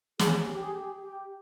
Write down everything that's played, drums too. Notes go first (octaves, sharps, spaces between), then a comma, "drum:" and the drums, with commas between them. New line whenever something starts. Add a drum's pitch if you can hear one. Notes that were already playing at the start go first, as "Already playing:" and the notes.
G#4, drum: snare
G4
G#4
G4
G4